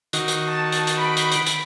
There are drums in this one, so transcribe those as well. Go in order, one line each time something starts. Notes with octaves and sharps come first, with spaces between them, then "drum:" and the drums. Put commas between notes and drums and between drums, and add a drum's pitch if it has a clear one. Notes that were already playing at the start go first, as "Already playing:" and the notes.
D#3 F#4, drum: hi-hat
drum: hi-hat
A5
drum: hi-hat
drum: hi-hat
B5 D7
drum: hi-hat
drum: hi-hat
drum: hi-hat